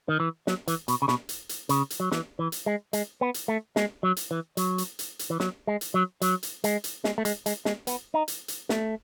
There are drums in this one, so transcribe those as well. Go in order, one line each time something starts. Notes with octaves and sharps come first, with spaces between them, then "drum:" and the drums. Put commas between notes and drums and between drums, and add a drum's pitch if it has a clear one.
D#3
E3
F#3, drum: snare
E3, drum: hi-hat
B2, drum: hi-hat
C#3
B2, drum: snare
drum: hi-hat
drum: hi-hat
C#3, drum: hi-hat
drum: hi-hat
F#3
E3, drum: snare
E3
drum: hi-hat
G#3
G#3, drum: hi-hat
B3
drum: hi-hat
A3
G#3, drum: snare
F#3
drum: hi-hat
E3
F#3, drum: hi-hat
drum: hi-hat
drum: hi-hat
drum: hi-hat
E3
F#3, drum: snare
G#3
drum: hi-hat
F#3
F#3, drum: hi-hat
drum: hi-hat
G#3, drum: hi-hat
drum: hi-hat
G#3, drum: snare
A3
G#3, drum: hi-hat
G#3, drum: hi-hat
G#3, drum: snare
B3, drum: hi-hat
D#4
drum: hi-hat
drum: hi-hat
A3, drum: snare